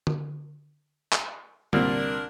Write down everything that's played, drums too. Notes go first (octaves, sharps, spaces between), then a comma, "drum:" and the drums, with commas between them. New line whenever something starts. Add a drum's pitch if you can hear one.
drum: tom D3
drum: clap
C2 A#2 C4 D4 A#4, drum: tom D3